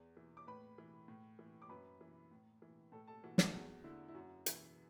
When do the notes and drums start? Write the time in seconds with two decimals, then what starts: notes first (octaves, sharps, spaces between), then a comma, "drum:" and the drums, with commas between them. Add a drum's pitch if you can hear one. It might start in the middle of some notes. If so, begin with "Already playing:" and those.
Already playing: E2
0.17 E3
0.37 D6
0.47 A2 B4 B5
0.78 E3
1.08 A2
1.39 E3
1.62 D6
1.69 F#2 B4 B5
2.01 E3
2.31 A2
2.62 E3
2.92 A2 A4 A5
3.08 A4 A5
3.24 E3 F#4
3.38 A3 A4, drum: snare
3.54 E2 F#4
3.84 D3 E4
4.08 E4
4.15 F#2 F#4
4.46 E3, drum: hi-hat